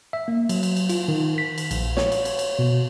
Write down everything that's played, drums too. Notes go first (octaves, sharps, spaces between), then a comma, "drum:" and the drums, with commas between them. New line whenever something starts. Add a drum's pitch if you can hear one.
E5
A#3
F#3, drum: cymbal
drum: cymbal
drum: cymbal
F4, drum: cymbal
D#3
B6
drum: cymbal
A#1, drum: cymbal
C#5, drum: snare
drum: cymbal
drum: cymbal
drum: cymbal
B2